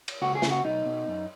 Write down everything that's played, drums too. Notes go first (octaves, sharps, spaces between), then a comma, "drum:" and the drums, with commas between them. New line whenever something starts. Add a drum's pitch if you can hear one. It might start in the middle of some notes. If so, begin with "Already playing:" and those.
drum: cymbal
C#2 F#4
G#4
C#3, drum: snare
F#4
B1 D#4
B2
F#2